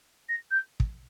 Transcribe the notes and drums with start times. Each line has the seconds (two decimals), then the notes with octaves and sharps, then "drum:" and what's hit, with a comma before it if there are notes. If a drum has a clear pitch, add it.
0.29 A#6
0.51 G6
0.80 drum: kick